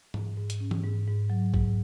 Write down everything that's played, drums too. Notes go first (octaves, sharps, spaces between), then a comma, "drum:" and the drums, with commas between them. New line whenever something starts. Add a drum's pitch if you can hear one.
G#2, drum: tom G#2
G#2
drum: hi-hat
C#4
drum: tom E3
G#2
G#2
F#3
G#2, drum: kick